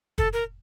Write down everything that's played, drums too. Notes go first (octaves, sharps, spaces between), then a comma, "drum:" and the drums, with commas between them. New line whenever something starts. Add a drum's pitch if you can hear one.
A4, drum: kick
A#4